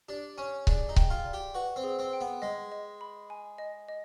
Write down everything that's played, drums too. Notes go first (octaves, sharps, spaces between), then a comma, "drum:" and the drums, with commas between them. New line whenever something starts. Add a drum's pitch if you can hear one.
D4 G4
C#4 G#5
D4 G#4, drum: kick C#1
D#4
G5, drum: kick C#1
F4
D5
G4
F#4 B4
C4
G#4
C4
G5
B3
G#3 D#5
D#5
B5
G#5
D#5
D#5